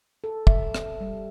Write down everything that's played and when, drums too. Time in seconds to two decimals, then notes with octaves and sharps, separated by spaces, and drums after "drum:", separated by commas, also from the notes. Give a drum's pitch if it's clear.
0.24 A4
0.47 E5, drum: kick
0.74 drum: rim click
1.01 G3